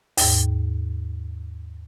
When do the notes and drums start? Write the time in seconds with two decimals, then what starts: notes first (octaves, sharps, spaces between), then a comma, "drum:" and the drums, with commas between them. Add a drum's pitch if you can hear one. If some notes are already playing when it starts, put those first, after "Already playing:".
0.17 D#2 G#2, drum: open hi-hat